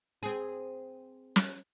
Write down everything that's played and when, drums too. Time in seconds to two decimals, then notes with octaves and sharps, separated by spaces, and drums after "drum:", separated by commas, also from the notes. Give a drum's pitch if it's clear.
0.23 C4 G#4
1.36 drum: snare